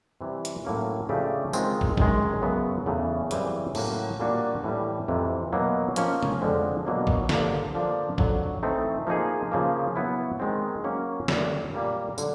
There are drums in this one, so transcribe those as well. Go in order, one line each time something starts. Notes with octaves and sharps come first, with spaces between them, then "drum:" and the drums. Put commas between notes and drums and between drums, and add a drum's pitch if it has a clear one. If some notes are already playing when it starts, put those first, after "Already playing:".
C3 E3 G3
drum: hi-hat
A2 F#3 A#3 C#4
C#3 F3 A3 D4 G4
D#3 G#3 C4 F4, drum: tambourine
drum: kick
F#2 D#3 G#3, drum: kick
F#2 C#3 F#3 B3
E2 C#3 E3 A3
F#2 C#3 E3 G3 C4, drum: hi-hat
A2 F#3 A#3 C#4 F#4, drum: cymbal
A#2 G3 A#3 D4 F#4
A2 E3 G3
F2 C3 E3
B2 F#3 A#3
F3 A#3 C#4, drum: hi-hat
drum: tom
F2 D3 F3 G#3 C4
B2 F#3 A#3 D4
drum: kick
G2 D3 F3 A#3, drum: snare
D3 F3 A#3 D4
F2 D3 F#3, drum: kick
E3 A3 C4 D#4
F3 A#3 D#4 G#4
C#3 F3 A#3
F#3 B3 E4
D#3 G#3 C4
F#3 A#3 C#4 F#4
F#2 D3 G3, drum: snare
A#2 G3 A#3
D3 F#3, drum: tambourine